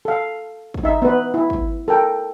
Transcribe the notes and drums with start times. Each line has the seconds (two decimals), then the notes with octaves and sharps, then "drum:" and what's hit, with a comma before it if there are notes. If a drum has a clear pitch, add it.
0.05 A4 F5
0.74 drum: kick
0.83 D#4 E5
1.02 B3 B4
1.34 E4
1.50 drum: kick
1.88 A4 A#4 G5